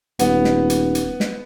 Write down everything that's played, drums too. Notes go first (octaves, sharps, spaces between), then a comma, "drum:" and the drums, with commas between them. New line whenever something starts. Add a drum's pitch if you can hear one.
D#1 B3, drum: hi-hat
drum: snare
drum: hi-hat
drum: hi-hat
drum: snare